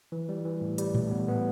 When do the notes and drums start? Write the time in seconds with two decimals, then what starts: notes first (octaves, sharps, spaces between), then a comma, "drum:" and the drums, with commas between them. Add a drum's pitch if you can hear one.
0.12 E3
0.29 G3
0.45 E3
0.61 A2
0.78 G3, drum: hi-hat
0.95 A2, drum: tom A2
1.11 B3
1.28 B3